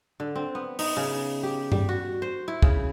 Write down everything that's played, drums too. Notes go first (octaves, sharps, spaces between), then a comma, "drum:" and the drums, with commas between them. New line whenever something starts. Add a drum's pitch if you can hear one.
D3
C4
B3
D#4, drum: open hi-hat
C#3
G4
G3, drum: tom G2
F#4
C5
E4
C#3, drum: kick